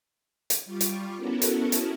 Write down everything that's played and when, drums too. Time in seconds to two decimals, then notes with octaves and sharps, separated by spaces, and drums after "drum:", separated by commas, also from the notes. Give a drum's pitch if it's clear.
0.50 drum: hi-hat
0.65 G3 F4 C#6 D6
0.81 drum: hi-hat
1.16 B3 C#4 E4 F#4 A4 A#4
1.42 drum: hi-hat
1.72 drum: hi-hat